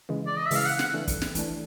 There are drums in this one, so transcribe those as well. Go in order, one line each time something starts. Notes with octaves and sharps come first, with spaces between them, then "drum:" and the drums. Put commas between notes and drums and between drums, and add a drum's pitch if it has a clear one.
C#3 E3 G#3
D5
D#5
E5
C#3 E3 G#3 F5, drum: open hi-hat
F#5
F#5, drum: snare
E3 A3 D4
drum: kick, hi-hat
drum: snare
E3 A3 D4, drum: hi-hat